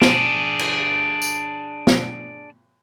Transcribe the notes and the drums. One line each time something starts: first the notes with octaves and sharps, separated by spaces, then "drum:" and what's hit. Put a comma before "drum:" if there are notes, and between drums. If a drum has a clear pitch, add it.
D4 G#4, drum: snare
drum: cymbal
drum: tambourine
drum: snare